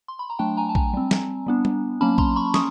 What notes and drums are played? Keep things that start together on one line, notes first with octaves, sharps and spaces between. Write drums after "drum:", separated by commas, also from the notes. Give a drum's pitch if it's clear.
C6
B5
A#5
F#3 A3 D4 G5 A5
G#5 A#5
A5
G#5 A#5, drum: kick
G3 C4
drum: snare
G3 B3 D4
drum: tom G3
F#3 A#3 C#4 A5 B5
A#5 C6, drum: kick
B5 C#6
C#4 C#6 D#6, drum: snare